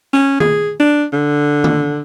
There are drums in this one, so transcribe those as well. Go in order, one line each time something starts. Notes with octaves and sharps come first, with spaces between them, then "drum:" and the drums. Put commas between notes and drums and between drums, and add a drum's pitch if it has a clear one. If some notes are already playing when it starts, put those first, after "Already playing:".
C#4
G#4, drum: tom D#3
D4
D3
drum: tom D#3